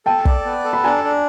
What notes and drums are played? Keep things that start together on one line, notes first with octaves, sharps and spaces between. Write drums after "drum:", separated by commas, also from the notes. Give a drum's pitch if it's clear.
A4 G5 A5
D5, drum: kick
B3
A4
B5
D4 G#5 A#5
D4